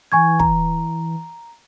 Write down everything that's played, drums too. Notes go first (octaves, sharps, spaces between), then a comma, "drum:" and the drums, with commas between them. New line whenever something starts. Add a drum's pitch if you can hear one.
E3 G#5 C#6 G#6
A#5, drum: kick